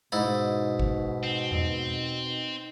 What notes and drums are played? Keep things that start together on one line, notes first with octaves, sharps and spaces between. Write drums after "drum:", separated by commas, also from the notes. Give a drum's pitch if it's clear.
G#2 B2 D#4 E4 D#5
drum: kick
C4
drum: tom E2